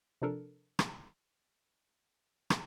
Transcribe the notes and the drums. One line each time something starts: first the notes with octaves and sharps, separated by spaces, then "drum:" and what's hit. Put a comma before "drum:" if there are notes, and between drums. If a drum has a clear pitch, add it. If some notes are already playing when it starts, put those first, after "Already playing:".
C3 F3 D4 A4 A#4
drum: rim click
drum: rim click